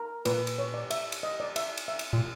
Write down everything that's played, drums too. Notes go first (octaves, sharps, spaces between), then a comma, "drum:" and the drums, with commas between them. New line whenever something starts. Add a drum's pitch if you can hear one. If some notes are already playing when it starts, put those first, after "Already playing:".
Already playing: A#4
A#2 B4, drum: cymbal
drum: cymbal
C#5
D5
E5, drum: cymbal
drum: cymbal
D#5
D5
E5, drum: cymbal
drum: cymbal
E5
drum: cymbal
A#2